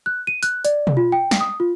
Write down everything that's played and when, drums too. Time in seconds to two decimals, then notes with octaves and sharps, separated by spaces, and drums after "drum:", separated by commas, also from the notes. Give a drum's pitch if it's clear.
0.06 F#6
0.27 D#7
0.43 F#6, drum: hi-hat
0.65 D5, drum: hi-hat
0.87 drum: tom B2
0.97 F4
1.12 G5
1.31 drum: snare
1.41 D#6
1.60 F4